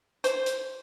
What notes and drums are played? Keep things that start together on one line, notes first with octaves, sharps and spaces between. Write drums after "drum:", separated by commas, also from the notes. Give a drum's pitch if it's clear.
C5, drum: hi-hat
drum: hi-hat